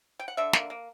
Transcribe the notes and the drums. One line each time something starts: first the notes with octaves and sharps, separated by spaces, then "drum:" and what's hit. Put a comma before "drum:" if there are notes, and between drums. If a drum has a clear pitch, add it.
G5
F#5
D3 E5
A#3, drum: snare
A#3